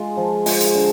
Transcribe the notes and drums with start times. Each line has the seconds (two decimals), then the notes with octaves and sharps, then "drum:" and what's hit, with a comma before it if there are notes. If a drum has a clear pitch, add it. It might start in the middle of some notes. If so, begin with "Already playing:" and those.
Already playing: G#3 F4
0.17 F3
0.46 G#3 F4, drum: open hi-hat
0.61 drum: hi-hat
0.75 D3